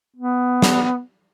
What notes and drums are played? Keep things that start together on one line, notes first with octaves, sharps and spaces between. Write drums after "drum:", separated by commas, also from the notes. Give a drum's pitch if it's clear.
B3
drum: snare